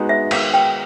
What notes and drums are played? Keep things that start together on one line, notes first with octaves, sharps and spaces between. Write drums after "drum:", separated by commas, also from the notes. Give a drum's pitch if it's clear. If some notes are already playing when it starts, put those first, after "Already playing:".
Already playing: G#3 B3 D#4 F#4
E5
D#3 F5, drum: cymbal
G5